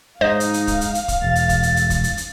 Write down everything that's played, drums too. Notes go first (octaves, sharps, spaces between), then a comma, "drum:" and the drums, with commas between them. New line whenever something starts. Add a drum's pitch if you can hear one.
G#2 D#4 C5 D#5 F5
drum: hi-hat
drum: hi-hat
drum: kick, hi-hat
drum: hi-hat
drum: hi-hat
drum: kick, hi-hat
E1 A6
drum: hi-hat
drum: kick, hi-hat
drum: hi-hat
drum: hi-hat
drum: kick, hi-hat
drum: hi-hat
drum: hi-hat